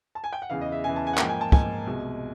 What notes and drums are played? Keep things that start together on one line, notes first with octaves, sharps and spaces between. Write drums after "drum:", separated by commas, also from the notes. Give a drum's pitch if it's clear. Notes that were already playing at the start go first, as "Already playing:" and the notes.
A5
G#5
G5
F#5
E2 C#3 E3 F5
D#5
E5
E2 C#3 E3 G#5
A5
G#5
F#5
G#2 F3 A#3 G5, drum: clap
G#5
A5
G#2 F3 A#3 G#5, drum: kick
C2 B2 G#3